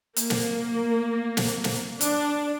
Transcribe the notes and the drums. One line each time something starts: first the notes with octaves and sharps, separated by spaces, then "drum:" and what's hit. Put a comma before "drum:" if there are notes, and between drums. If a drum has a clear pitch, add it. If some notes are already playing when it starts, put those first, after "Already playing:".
A#3, drum: hi-hat
drum: snare
drum: snare
drum: snare
D4, drum: hi-hat